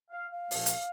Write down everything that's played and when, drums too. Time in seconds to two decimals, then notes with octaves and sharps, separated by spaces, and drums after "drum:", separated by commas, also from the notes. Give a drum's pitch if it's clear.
0.11 F5
0.31 F5
0.51 C2 A#2 F3 A3 C#4, drum: open hi-hat
0.66 drum: hi-hat